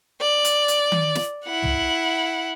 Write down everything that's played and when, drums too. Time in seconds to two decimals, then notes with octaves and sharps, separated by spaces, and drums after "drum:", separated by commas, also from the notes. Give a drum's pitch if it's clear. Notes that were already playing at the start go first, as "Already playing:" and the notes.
0.21 D5
0.45 drum: hi-hat
0.68 drum: hi-hat
0.92 drum: tom D#3
1.15 drum: snare
1.45 E4 F#5
1.63 drum: tom